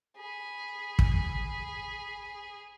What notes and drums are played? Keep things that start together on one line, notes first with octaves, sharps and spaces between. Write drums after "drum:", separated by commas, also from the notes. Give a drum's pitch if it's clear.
G#4 B5
drum: kick